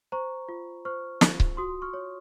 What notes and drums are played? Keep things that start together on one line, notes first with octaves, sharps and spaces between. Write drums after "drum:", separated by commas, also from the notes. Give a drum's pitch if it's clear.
C5 A#5 C#6
F4
C5 C#6 F6
F4, drum: snare
drum: kick C#1
F#4 C6 D#6
C#6 F6
C#5